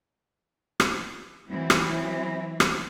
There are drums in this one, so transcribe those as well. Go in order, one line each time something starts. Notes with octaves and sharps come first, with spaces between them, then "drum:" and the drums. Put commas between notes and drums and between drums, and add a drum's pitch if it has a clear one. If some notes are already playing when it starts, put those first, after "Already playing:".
drum: rim click
E3 F#3 C4 E4
drum: rim click
drum: rim click